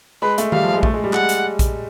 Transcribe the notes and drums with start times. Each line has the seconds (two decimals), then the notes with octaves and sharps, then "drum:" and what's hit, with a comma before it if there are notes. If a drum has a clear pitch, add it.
0.22 G#3 B4
0.38 A3, drum: hi-hat
0.52 G3 F5, drum: tom D#3
0.63 F3
0.73 G#3
0.83 A3, drum: kick A#1
0.94 G#3
1.04 G3
1.13 G#3 F#5, drum: clap
1.29 drum: hi-hat
1.59 drum: kick A#1, hi-hat